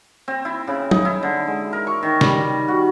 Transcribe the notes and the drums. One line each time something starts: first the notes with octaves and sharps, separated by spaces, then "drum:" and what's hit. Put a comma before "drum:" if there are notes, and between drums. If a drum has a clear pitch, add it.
C4
E4
C#3
D#4, drum: tom
E4
D3
G#3
A#4
C#6
D#3
G3, drum: snare
F#4